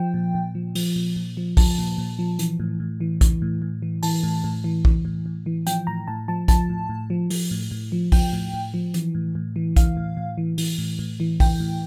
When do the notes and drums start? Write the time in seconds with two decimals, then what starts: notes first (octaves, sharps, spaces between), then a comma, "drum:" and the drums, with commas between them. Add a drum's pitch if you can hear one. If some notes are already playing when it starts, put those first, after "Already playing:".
Already playing: F3 G5
0.14 A#2
0.34 A#2
0.55 F3
0.75 F3, drum: open hi-hat
0.96 A#2
1.16 A#2
1.37 F3
1.57 F3 A5, drum: kick A#1, open hi-hat
1.78 A#2
1.98 A#2
2.19 F3
2.39 E3, drum: hi-hat
2.60 A2
2.80 A2
3.00 E3
3.21 E3, drum: kick A#1, hi-hat
3.42 A2
3.62 A2
3.82 E3
4.03 E3 A5, drum: open hi-hat
4.23 A2
4.44 A2
4.64 E3
4.85 E3, drum: kick A#1
5.05 A2
5.26 A2
5.46 E3
5.67 F3 G5, drum: hi-hat
5.87 A2 A#5
6.08 A2 A5
6.28 F3 A5
6.48 F3 A5, drum: kick A#1, hi-hat
6.69 A2
6.89 A2
7.10 F3
7.30 F3, drum: open hi-hat
7.51 A2
7.71 A2
7.92 F3
8.12 F3 G5, drum: kick A#1, open hi-hat
8.33 A2
8.54 A2
8.74 F3
8.94 E3, drum: hi-hat
9.15 A2
9.35 A2
9.56 E3
9.76 E3 F5, drum: kick A#1, hi-hat
9.97 A2
10.17 A2
10.38 E3
10.58 E3, drum: open hi-hat
10.78 A2
10.99 A2
11.20 E3
11.40 E3 G5, drum: kick A#1, open hi-hat
11.60 A2